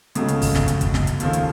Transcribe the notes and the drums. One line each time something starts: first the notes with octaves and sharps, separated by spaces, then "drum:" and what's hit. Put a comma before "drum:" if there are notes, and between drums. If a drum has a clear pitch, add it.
C#2 C#3 F#3 A3, drum: hi-hat
drum: hi-hat
drum: kick, open hi-hat
drum: snare
drum: hi-hat
drum: kick, hi-hat
drum: snare
drum: hi-hat
D#2 C#3 F3 A3, drum: hi-hat
drum: hi-hat